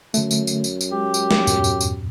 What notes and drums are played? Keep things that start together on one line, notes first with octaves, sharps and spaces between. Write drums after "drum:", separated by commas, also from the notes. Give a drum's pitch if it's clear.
F#2 D3 A3, drum: tambourine
drum: tambourine
drum: tambourine
drum: tambourine
drum: tambourine
G#3 G4
drum: tambourine
drum: snare
E2 G2 A#2, drum: tambourine
drum: tambourine
drum: tambourine